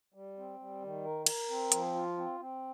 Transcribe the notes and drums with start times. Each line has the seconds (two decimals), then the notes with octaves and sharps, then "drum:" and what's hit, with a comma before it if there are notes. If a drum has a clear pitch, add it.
0.14 G3
0.37 C4
0.59 G3
0.82 D#3
1.05 A#4
1.26 A#4, drum: cymbal
1.50 C4
1.72 F3, drum: hi-hat
1.95 F4
2.17 C4
2.40 C4